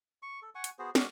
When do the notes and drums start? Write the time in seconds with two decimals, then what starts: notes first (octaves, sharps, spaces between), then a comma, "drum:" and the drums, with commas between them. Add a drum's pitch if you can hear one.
0.22 C#6
0.42 A4
0.55 F#5 G#5 C#6
0.64 drum: hi-hat
0.79 B3 F#4 G#4 C5
0.95 G#3 A#3 C#4 F#4, drum: snare